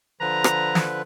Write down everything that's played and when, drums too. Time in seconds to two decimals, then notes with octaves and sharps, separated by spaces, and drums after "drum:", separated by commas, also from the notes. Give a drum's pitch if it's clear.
0.21 D3 F3 B4 A#5
0.44 drum: rim click
0.75 drum: snare